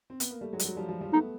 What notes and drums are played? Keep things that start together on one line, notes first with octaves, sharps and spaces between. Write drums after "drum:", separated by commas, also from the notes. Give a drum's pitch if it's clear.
C4
B3, drum: hi-hat
A#3
G3 A3
F#3 G#3
G3, drum: hi-hat
F#3 G#3
F3 G3
F3 G3
F3 G3
A3 B3 D#4